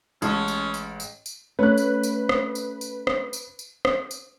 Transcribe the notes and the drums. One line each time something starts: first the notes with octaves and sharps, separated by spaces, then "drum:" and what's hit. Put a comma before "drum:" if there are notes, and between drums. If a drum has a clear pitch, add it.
A1 G#3 C#4 A5, drum: tambourine
drum: tambourine
drum: tambourine
drum: tambourine
drum: tambourine
A3 C#4 B4 F#6
drum: tambourine
drum: tambourine
drum: rim click
drum: tambourine
drum: tambourine
drum: rim click
drum: tambourine
drum: tambourine
drum: rim click
drum: tambourine